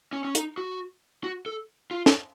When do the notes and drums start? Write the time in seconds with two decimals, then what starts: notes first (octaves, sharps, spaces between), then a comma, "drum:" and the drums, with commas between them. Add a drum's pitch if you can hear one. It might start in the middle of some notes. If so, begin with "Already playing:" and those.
0.13 C#4
0.25 C#4
0.35 D#4, drum: hi-hat
0.58 F#4
1.24 F#4
1.46 A4
1.91 F4
2.06 drum: snare